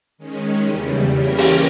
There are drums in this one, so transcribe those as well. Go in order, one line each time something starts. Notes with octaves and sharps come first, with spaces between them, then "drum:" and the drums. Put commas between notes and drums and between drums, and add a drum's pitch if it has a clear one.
D#3 G#3 C#4
E2 C#3 G3
E3 A#3 C#4 G4 A#4
drum: open hi-hat